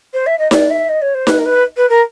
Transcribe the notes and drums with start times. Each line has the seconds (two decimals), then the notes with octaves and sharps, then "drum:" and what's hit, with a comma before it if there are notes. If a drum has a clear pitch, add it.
0.13 C5
0.26 E5
0.39 D#5
0.51 D5, drum: snare D#4
0.70 E5
0.89 D#5
1.01 C#5
1.14 C5
1.27 B4, drum: snare D#4
1.38 A#4
1.45 B4
1.76 B4
1.89 A#4